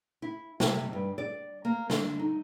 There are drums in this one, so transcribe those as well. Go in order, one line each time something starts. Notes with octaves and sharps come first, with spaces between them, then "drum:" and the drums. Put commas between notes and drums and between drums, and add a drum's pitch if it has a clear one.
E4
C3, drum: snare
G2
D5
A#3
D3, drum: snare
D#4